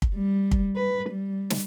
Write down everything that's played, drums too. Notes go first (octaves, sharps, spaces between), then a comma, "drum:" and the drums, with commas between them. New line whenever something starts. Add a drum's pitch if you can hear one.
drum: kick
G3
drum: kick
B4
G3
drum: snare